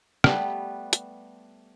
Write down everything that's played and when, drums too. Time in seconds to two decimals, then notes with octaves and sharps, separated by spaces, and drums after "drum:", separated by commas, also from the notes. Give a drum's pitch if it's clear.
0.24 G3 A3 B3, drum: rim click
0.93 drum: hi-hat